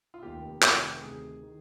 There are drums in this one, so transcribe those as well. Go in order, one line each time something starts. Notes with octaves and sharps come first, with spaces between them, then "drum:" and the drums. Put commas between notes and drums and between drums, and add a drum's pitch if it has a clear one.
F4
F1 D#2 D#3 G4
F1 F2 C3 D#3, drum: clap
D2 C3 D#3 G#4
D#3